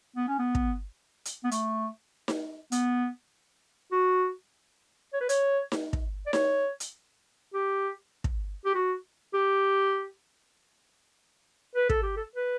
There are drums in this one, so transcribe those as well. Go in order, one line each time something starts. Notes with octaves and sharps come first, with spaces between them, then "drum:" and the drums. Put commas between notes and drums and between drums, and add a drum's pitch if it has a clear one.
B3
C#4
B3
drum: kick
drum: hi-hat
B3
A3, drum: hi-hat
drum: snare D#4
B3, drum: hi-hat
F#4
C#5
B4
C#5, drum: hi-hat
drum: snare D#4
drum: kick
D5
C#5, drum: snare D#4
drum: hi-hat
G4
drum: kick
G4
F#4
G4
B4
A4, drum: kick
G4
A4
B4